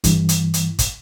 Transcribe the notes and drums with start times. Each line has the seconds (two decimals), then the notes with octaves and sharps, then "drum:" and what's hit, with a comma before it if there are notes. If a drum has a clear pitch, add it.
0.04 G2 E3, drum: kick, hi-hat
0.29 drum: hi-hat
0.54 drum: hi-hat
0.79 drum: kick, hi-hat